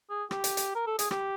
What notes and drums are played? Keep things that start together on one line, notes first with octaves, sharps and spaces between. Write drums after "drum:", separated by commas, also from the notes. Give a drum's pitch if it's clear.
G#4
G4, drum: rim click
drum: hi-hat
drum: hi-hat
A#4
A4
G#4, drum: hi-hat
G4, drum: rim click